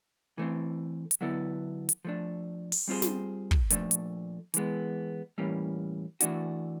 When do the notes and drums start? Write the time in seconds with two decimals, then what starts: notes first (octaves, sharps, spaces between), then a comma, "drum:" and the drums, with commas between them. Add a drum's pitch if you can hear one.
0.38 E3 A3 C4
1.11 drum: hi-hat
1.21 D3 F#3 B3 E4 A4
1.89 drum: hi-hat
2.05 F3 A3 D4
2.72 drum: open hi-hat
2.88 G3 C4 F4 G#4 C5
3.02 drum: snare
3.51 drum: kick
3.70 A#2 F3 A3 D4, drum: hi-hat
3.91 drum: hi-hat
4.54 E3 G#3 B3, drum: hi-hat
5.38 A2 E3 G3 A#3 C#4
6.20 E3 A3 D4 F#4, drum: hi-hat